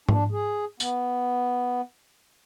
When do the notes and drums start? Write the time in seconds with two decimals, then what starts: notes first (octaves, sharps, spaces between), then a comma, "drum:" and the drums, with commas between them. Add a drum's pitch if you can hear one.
0.09 D4, drum: tom G#2
0.32 G#4
0.80 B3, drum: tambourine